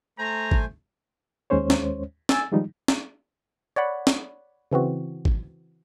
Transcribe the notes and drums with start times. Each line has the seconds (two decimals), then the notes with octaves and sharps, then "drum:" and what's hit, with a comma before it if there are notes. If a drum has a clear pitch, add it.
0.19 A3 C5 G#5 A#5
0.51 drum: kick G#1
1.50 D#2 G#3 C#4 C5 C#5
1.70 drum: snare
2.29 G#5 E6 A6, drum: snare
2.52 D#3 F3 G3 G#3 D#4
2.88 drum: snare
3.76 C#5 D5 F#5 B5
4.07 drum: snare
4.71 C#3 E3 C4 F#4
5.25 drum: kick G#1